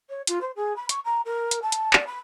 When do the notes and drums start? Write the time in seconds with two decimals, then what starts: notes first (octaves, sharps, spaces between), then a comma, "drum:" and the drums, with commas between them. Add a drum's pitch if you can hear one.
0.09 C#5
0.27 F4, drum: hi-hat
0.41 C5
0.55 G#4
0.76 B5
0.89 C#6, drum: hi-hat
1.04 A#5
1.25 A#4
1.51 drum: hi-hat
1.62 A5
1.72 drum: hi-hat
1.93 D5, drum: clap
2.06 B5